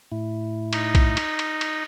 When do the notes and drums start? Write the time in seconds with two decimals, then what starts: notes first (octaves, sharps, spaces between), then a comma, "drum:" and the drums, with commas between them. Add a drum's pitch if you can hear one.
0.12 A2 E4
0.73 D#4, drum: cymbal
0.95 drum: kick B1, cymbal
1.17 drum: cymbal
1.39 drum: cymbal
1.61 drum: cymbal